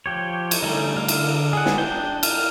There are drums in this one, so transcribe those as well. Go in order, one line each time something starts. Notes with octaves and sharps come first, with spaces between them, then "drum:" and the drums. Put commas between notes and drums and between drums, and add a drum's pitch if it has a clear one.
F3 G4 C#5
drum: cymbal
D3 G3 A3 C#4 D#4
D3 F5
drum: cymbal
G#4 F#5
drum: snare
D4 G5
F5, drum: cymbal